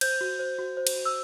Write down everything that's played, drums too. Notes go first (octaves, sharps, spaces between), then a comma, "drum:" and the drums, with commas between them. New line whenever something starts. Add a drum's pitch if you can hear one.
C5 G6, drum: cymbal
F#4
C5
F#4
C5
drum: cymbal
F#4
E6